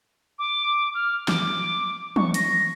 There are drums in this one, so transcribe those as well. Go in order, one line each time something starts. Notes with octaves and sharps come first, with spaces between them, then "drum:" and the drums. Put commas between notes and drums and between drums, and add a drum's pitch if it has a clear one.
D6
F6
D6, drum: snare
C#6, drum: tom
A#6, drum: hi-hat